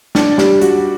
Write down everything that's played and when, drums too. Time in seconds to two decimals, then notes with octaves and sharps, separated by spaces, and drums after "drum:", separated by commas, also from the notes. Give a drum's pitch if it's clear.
0.15 D4, drum: snare
0.38 G3, drum: snare
0.61 F#4, drum: hi-hat